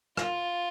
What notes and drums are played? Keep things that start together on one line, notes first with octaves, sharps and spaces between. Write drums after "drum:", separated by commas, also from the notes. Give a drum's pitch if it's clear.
F4, drum: rim click